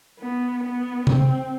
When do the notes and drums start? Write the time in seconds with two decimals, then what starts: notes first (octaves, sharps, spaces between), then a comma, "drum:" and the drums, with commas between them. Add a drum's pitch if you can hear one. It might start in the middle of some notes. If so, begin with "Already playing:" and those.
0.20 B3
0.64 B3
1.07 C4, drum: tom C3